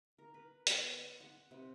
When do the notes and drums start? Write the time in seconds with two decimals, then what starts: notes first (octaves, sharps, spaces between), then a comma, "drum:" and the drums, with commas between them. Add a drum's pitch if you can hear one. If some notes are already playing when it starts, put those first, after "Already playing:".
0.18 A#4
0.34 B4
0.67 B3, drum: hi-hat
0.95 C6
1.20 F#5
1.51 C3